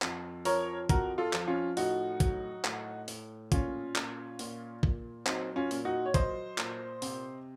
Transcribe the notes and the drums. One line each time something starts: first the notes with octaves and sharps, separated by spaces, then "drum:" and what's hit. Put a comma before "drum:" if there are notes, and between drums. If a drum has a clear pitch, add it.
F2, drum: clap
F3 A#4 C#5, drum: open hi-hat
F2 F#4 A#4, drum: kick A#1, hi-hat
F4 A4
F3, drum: clap
C#4 F4
A2 D#4 F#4, drum: open hi-hat
F#3, drum: kick A#1, hi-hat
A2, drum: clap
A2, drum: open hi-hat
A#2 C#4 F4, drum: kick A#1, hi-hat
A#2, drum: clap
A#2, drum: open hi-hat
A#2, drum: kick A#1
F#3 C4 D#4, drum: clap
C#4 F4
A#2, drum: open hi-hat
D#4 F#4
C#5
F#3 C5 D#5, drum: kick A#1, hi-hat
A#2, drum: clap
C3, drum: open hi-hat